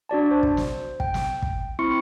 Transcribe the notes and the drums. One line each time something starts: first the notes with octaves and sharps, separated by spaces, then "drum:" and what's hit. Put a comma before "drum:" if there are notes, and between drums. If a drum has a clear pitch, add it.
D4 F#4 D5 A5
C5
drum: kick
drum: snare
G5, drum: kick
drum: snare
drum: kick
C4 E4 C6 C#6 C#7